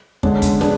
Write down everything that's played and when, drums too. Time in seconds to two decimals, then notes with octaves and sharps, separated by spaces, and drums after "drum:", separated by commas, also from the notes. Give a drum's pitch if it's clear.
0.23 D3 G#3 C#4 D4, drum: kick
0.42 drum: kick, hi-hat
0.61 D4 G#4 B4, drum: snare